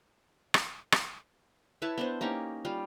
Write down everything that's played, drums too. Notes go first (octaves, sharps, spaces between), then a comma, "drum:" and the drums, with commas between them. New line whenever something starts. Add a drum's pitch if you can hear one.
drum: rim click
drum: rim click
E4 B4 C#5 A5
B3 D4 C5
A#3 C#4 D#4 G4
G3 F4